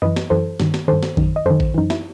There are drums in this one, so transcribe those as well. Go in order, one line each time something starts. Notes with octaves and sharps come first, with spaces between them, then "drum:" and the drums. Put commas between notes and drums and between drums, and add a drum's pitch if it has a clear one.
F#2 E3 B4 D#5
drum: snare
F#2 E3 A4 C5
G2 D#3, drum: snare
drum: snare
G2 D#3 A4 C5
drum: snare
F#2 D#3, drum: kick A1
D#5
F#2 D#3 A4 C5
drum: kick A1
F#2 E3 D#4
E4, drum: snare